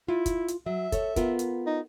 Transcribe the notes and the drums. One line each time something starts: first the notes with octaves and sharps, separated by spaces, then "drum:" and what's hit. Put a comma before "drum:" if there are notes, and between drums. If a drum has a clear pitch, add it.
E4 F4
drum: kick, hi-hat
drum: hi-hat
F#3 E5
A4 C#5, drum: kick, hi-hat
B3 F4 A#4, drum: kick, hi-hat
drum: hi-hat
D#4